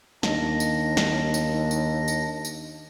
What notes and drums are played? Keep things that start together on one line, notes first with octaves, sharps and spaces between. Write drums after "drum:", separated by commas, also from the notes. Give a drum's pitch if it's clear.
D#2 D4 D#5 A#6, drum: snare
drum: tambourine
drum: snare
drum: tambourine
drum: tambourine
drum: tambourine
drum: tambourine